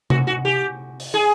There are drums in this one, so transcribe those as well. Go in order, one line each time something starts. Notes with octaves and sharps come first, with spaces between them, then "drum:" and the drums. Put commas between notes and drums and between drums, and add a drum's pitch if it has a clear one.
F#4, drum: tom C3
F#4
G4
drum: open hi-hat
G#4